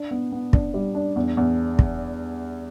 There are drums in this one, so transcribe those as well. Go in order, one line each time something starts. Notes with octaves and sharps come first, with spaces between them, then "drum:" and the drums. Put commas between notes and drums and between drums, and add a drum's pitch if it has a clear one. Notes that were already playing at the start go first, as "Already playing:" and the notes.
Already playing: D4
B3
B3
D4, drum: kick
G3
D4
E2
E2
drum: kick